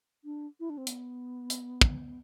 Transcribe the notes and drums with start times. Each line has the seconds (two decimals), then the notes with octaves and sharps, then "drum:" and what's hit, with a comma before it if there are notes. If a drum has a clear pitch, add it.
0.24 D4
0.60 E4
0.70 D4
0.78 C4
0.87 B3, drum: hi-hat
1.50 drum: hi-hat
1.81 drum: kick